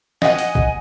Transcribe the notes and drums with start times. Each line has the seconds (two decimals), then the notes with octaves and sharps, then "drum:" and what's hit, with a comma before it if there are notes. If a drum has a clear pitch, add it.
0.22 D#5 F#5 G#5, drum: snare
0.38 drum: hi-hat
0.55 drum: kick